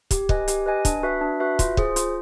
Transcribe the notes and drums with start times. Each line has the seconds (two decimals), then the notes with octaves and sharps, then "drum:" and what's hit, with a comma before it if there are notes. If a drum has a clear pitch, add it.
0.11 G4, drum: kick, hi-hat
0.29 B4 D#5 G#5, drum: kick
0.48 G4, drum: hi-hat
0.66 B4 D#5 G#5
0.85 D4, drum: kick, hi-hat
1.03 F#4 B4 E5
1.21 D4
1.40 F#4 B4 E5
1.59 F4, drum: kick, hi-hat
1.77 G#4 C5, drum: kick
1.96 F4, drum: hi-hat